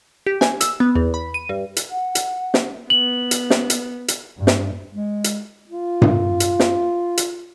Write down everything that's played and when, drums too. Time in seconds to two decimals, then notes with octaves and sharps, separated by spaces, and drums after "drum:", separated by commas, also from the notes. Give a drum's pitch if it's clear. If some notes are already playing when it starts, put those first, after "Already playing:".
0.27 G4
0.41 G#5, drum: snare
0.61 E6, drum: hi-hat
0.80 B3
0.96 E2
1.14 B5
1.34 D#7
1.49 G2
1.77 drum: hi-hat
1.91 F#5
2.15 drum: hi-hat
2.54 drum: snare
2.90 B3 F#7
3.31 drum: hi-hat
3.50 drum: snare
3.70 drum: hi-hat
4.08 drum: hi-hat
4.37 G2
4.47 drum: snare
4.93 G#3
5.24 drum: hi-hat
5.69 F4
6.02 drum: tom G2
6.40 drum: hi-hat
6.60 drum: snare
7.17 drum: hi-hat